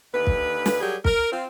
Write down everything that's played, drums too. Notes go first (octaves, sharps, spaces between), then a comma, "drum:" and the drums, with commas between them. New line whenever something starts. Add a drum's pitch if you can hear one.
D#2 D3 B4
drum: kick
drum: snare
F#3 G3 G4 G#4 A#4
A#4, drum: kick
C4 F4